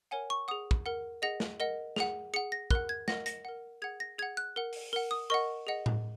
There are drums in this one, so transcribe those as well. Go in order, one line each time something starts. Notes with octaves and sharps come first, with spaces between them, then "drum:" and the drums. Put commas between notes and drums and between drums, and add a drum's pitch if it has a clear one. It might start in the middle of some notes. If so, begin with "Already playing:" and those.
A#4 C#5 F#5 G#5
C#6
G#4 F#5 D#6
drum: kick
A#4 F#5
G#4 D#5 F#5 A#6
drum: snare
A#4 D#5 F#5
G#4 F#5, drum: snare
G#4 F#5 C#7
A#6
A#4 F#5 F#6, drum: kick
G#6
A#4 D#5 F#5 A#6, drum: snare
A#6, drum: hi-hat
A#4 F#5
G#4 F#5 G#6
A#6
G#4 F#5 G#6
F#6
A#4 F#5
drum: open hi-hat
A#4 F#5
D#6
A#4 D#5 F#5 C#6
G#4 D#5 F#5
drum: tom A2